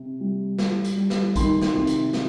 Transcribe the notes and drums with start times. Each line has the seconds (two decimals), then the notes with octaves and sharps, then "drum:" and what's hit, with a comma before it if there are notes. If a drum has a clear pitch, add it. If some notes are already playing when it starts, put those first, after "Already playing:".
Already playing: C3
0.20 G3
0.59 G3, drum: snare
0.85 drum: hi-hat
0.97 G3
1.10 drum: snare
1.36 D#3 C6, drum: kick, hi-hat
1.62 drum: snare
1.74 C3
1.87 drum: hi-hat
2.13 C3, drum: snare